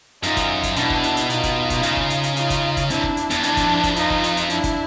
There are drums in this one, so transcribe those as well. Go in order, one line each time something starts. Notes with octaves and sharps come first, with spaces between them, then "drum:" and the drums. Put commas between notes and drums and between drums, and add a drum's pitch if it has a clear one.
F#2 D#4 F4, drum: hi-hat
drum: kick, hi-hat
drum: kick, hi-hat
B2 D4 E4, drum: hi-hat
drum: kick
drum: hi-hat
drum: hi-hat
D#4 F4, drum: hi-hat
drum: kick, hi-hat
drum: kick, hi-hat
C#3, drum: hi-hat
drum: kick
drum: hi-hat
drum: hi-hat
D#4 F4, drum: hi-hat
drum: kick, hi-hat
drum: kick, hi-hat
C3 D4 E4, drum: hi-hat
drum: kick
drum: hi-hat
E2, drum: hi-hat
F2 D4 E4, drum: hi-hat
drum: kick, hi-hat
drum: kick, hi-hat
D#4 F4, drum: hi-hat
drum: kick
drum: hi-hat
drum: hi-hat
D4 E4, drum: hi-hat
drum: kick, hi-hat